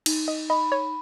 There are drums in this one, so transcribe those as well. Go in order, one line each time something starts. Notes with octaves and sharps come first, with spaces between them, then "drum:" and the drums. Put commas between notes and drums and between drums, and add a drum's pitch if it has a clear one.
D#4, drum: cymbal
D#5
D#5 B5
C#5